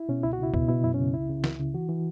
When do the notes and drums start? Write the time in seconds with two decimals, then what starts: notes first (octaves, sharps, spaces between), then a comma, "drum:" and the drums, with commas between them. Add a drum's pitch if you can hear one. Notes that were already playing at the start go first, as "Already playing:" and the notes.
Already playing: E4
0.09 B2 C#4
0.23 C#2 E4
0.33 F#4
0.39 C#3 E4
0.54 B2 E4, drum: kick
0.68 B2 E4
0.84 F#2 E4
0.94 C#4
0.99 C#3
1.13 C#2 E4
1.29 C#3
1.44 C#2, drum: snare
1.60 C#3
1.74 E3 F#4
1.89 E3